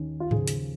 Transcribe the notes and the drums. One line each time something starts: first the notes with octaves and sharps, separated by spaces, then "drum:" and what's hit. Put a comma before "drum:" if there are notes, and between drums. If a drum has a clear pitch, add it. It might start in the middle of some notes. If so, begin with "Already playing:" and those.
Already playing: D#2 D#3 C#4
F4
D#2 C#3 F3 G#4, drum: tom G#2
drum: hi-hat